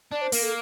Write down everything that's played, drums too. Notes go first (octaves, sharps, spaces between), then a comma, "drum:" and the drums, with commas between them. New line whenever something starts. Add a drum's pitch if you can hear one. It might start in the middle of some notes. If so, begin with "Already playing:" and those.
D4 D5
C5
A#3 A#4, drum: open hi-hat
A4